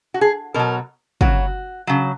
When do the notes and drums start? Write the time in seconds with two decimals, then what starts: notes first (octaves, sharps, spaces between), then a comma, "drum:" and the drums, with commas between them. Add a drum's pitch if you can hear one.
0.14 F#4
0.21 G#4
0.54 B2 F#3 A#4
1.21 C#3 F#3 F#4, drum: kick
1.87 C#3 F#3